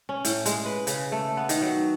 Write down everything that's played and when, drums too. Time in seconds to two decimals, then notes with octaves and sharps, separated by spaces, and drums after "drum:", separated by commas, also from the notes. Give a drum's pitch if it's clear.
0.09 C#4
0.25 A2, drum: hi-hat
0.46 G#3, drum: hi-hat
0.66 B4
0.87 C#3, drum: hi-hat
1.12 A3
1.37 B3
1.49 D#3, drum: hi-hat
1.62 F#3